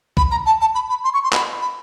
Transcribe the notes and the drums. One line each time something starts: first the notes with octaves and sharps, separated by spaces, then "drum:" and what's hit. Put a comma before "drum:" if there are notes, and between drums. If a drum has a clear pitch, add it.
B5, drum: kick B1
A#5
A5
A5
B5
B5
C6
C#6
C6
B5, drum: clap
B5